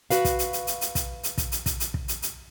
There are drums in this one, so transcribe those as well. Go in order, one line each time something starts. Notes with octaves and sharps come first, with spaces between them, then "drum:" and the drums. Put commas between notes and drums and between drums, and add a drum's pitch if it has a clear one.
F#4 B4 F5, drum: hi-hat
drum: kick, hi-hat
drum: hi-hat
drum: hi-hat
drum: hi-hat
drum: hi-hat
drum: kick, hi-hat
drum: hi-hat
drum: kick, hi-hat
drum: hi-hat
drum: kick, hi-hat
drum: hi-hat
drum: kick
drum: hi-hat
drum: hi-hat